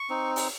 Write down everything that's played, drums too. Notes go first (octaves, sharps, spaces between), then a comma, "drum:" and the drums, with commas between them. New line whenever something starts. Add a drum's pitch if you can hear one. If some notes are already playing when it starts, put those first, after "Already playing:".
Already playing: C#6
C4 D#4
drum: open hi-hat